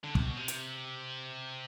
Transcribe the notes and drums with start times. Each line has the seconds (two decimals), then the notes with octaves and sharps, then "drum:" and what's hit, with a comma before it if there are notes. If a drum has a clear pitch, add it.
0.04 D3
0.15 C3, drum: kick
0.26 B2
0.36 C3
0.48 drum: hi-hat